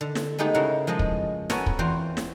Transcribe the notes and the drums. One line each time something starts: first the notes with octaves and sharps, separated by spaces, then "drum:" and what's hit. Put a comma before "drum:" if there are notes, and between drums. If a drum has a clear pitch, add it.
D3
drum: snare
G#3 A3 B3 D#4 G4 G#4
C#3 E4 A#4 F#5
F3 G#3 D#5 A5
drum: kick
B3 C#4 F#4 A4 A#4 G#5, drum: snare
drum: kick
E2 C4 F4 F#4 C5
drum: snare